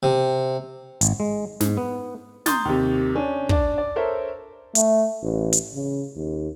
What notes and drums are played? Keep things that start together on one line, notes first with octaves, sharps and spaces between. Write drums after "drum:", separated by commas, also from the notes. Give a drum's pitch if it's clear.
C3
G#1, drum: hi-hat
G#3
G#2, drum: snare
B3
A#5 C6 D#6 G6 A6, drum: snare
D#2 C3
C#4 D4
D4 D5, drum: kick
D5
A4 A#4 C5 C#5 E5
A3, drum: hi-hat
A1
drum: hi-hat
C#3
D#2